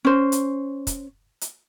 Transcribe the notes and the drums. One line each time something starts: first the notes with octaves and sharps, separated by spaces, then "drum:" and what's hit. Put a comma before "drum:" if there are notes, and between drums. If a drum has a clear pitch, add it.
C#4 C5
drum: hi-hat
drum: kick, hi-hat
drum: hi-hat